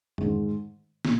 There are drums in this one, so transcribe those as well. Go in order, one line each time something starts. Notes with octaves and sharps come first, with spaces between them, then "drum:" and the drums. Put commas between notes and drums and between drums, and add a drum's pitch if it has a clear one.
G#2 D#3 G#3, drum: tom F2
A#2, drum: snare